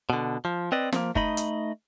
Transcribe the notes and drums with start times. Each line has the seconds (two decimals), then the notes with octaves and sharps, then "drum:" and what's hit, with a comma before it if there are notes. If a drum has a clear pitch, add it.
0.10 B2 D3
0.45 F3
0.72 C4 B4 D5 D#5
0.92 F3 A#3, drum: snare
1.15 A3 D#4 D#5 B5, drum: kick
1.37 drum: hi-hat